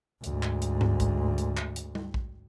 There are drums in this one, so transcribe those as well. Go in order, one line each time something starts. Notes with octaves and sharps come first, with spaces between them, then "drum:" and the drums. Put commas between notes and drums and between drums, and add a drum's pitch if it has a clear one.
D2 G#2, drum: hi-hat
drum: clap
drum: hi-hat
drum: tom G2
drum: kick A#1, hi-hat
drum: hi-hat
drum: clap
drum: hi-hat
drum: tom G3
drum: kick A#1